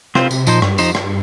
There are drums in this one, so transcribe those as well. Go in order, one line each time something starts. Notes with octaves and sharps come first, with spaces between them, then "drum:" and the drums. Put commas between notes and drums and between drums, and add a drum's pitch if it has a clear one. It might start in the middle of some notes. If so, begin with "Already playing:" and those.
C3 C4 F4 C5, drum: rim click
C3, drum: tambourine
A#2 F3 D#4 C5, drum: tambourine
G2, drum: rim click
F2 F3 D#4 C5, drum: tambourine
G2, drum: rim click